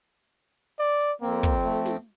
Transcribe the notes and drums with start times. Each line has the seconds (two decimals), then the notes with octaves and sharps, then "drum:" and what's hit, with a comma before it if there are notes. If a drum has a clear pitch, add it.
0.79 D5
1.01 drum: hi-hat
1.21 F2 A#3 C4
1.43 drum: kick, hi-hat
1.64 A3
1.86 drum: snare